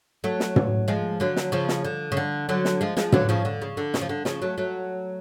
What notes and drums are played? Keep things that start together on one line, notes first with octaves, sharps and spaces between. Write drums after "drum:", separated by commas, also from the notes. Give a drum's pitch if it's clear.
F#3 A3
drum: snare
drum: tom
F3 G#3
D3 F#3
drum: snare
C#3 F3
drum: snare
D3
C#3
D3
D3 F#3
drum: snare
F3 G#3
F3 G#3, drum: snare
D3 F#3, drum: tom
C#3 F3
D3
C#3
D3
C#3, drum: snare
F3
D3
C#3 F3, drum: snare
F#3 A3
F#3 A3